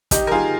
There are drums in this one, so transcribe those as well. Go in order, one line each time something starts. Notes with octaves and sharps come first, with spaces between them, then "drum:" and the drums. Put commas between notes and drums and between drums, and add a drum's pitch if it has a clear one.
D#3 D#4 G4, drum: kick, hi-hat
A#4
D#3 F4 G#4